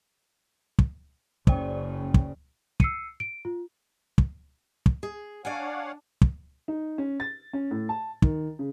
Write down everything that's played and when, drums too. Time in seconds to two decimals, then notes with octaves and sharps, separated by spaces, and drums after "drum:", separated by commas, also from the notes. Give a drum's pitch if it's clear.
0.79 drum: kick
1.47 F#1 C#3 C5 D5 G5, drum: kick
2.14 drum: kick
2.80 E6 C7 C#7 D#7, drum: kick
3.20 D7
3.45 F4
4.18 drum: kick
4.86 drum: kick
5.03 G#4
5.45 D4 C#5 D5 F5 F#5 G#5
6.21 drum: kick
6.68 D#4
6.98 C#4
7.20 A6
7.53 C#4
7.71 A2
7.89 A5
8.22 D#3, drum: kick
8.59 C#3